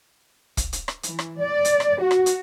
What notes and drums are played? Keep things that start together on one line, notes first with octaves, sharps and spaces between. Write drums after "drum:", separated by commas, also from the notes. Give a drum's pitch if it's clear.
drum: kick, hi-hat
drum: hi-hat
drum: rim click
E3, drum: hi-hat
drum: rim click
D5
drum: hi-hat
drum: rim click
F#4
drum: rim click
drum: hi-hat